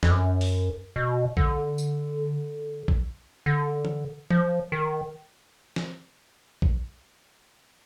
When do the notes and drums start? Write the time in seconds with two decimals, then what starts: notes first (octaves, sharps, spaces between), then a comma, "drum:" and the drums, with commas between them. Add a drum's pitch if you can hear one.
0.03 F2, drum: snare
0.11 F#2
0.41 drum: open hi-hat
0.96 B2
1.37 D3, drum: kick
1.78 drum: tambourine
2.88 drum: kick
3.46 D3
3.85 drum: tom E3
4.30 F3, drum: tom E3
4.72 D#3
5.76 drum: snare
6.62 drum: kick